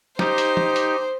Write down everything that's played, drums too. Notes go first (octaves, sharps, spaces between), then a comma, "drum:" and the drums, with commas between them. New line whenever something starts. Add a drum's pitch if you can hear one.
D#4 G4 C5, drum: snare
drum: hi-hat
drum: tom
drum: hi-hat